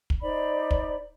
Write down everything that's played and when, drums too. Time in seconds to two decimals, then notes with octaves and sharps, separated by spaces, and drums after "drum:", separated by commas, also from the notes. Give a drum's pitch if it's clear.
0.10 drum: kick
0.21 D#4 C5 D5 B5
0.71 drum: kick